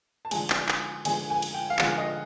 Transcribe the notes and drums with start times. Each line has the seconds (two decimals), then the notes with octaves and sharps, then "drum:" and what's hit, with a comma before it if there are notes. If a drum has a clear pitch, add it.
0.25 A5
0.31 D3 F3 G#3 G#5, drum: cymbal
0.50 drum: clap
0.69 drum: clap
1.05 D3 F3 G#3 G#5, drum: cymbal
1.30 G#5
1.42 drum: cymbal
1.54 G5
1.70 F5
1.79 D3 F3 G#3 F#5, drum: clap
1.98 D#5